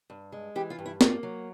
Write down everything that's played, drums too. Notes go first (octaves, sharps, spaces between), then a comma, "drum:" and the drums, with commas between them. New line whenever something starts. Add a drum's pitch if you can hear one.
G2
G#3
E3 G4
F4
G2
E4
A#3 F4, drum: snare
F#3